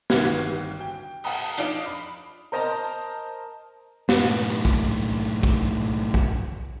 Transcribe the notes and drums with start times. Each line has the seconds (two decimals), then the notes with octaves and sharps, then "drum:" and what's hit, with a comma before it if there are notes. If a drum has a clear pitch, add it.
0.10 G1 C2 D#3 F#4 F5 G#6, drum: snare
0.80 G5
1.24 F5 F#5 A5 A#5 D#6, drum: open hi-hat
1.58 F3 D4 D#4 F5 D7 F#7, drum: hi-hat
1.86 B5
2.52 A#4 C5 D#5 A5 A#5
4.09 F#2 A2, drum: snare
4.65 drum: kick
5.43 drum: kick
6.14 drum: kick